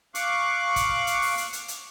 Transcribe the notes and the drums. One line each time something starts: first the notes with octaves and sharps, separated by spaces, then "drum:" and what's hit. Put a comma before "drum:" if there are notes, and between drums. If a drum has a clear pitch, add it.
F5 C#6 D6 F#6, drum: hi-hat
drum: kick, hi-hat
drum: hi-hat
drum: open hi-hat
drum: hi-hat
drum: hi-hat
drum: hi-hat